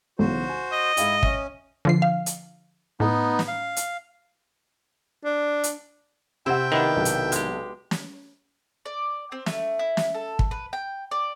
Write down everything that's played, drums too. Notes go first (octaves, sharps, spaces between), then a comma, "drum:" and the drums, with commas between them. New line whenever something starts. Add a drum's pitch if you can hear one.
B1 C#3 E3 F#4 C5
G#5
D#5
G#2 E4 F5 G5, drum: hi-hat
C#4 E5, drum: kick
D3 F3 C7
F5
drum: hi-hat
A2 B3 D#4
drum: snare
F5
drum: hi-hat
D4
drum: hi-hat
C3 C4 E4 E5 F#5 G5
D#3 B3 D4 E4
B1 C3
drum: hi-hat
G#3 G4, drum: hi-hat
drum: snare
D5
C4
A3, drum: snare
E4
drum: snare
A4
drum: kick
B4
G5
D5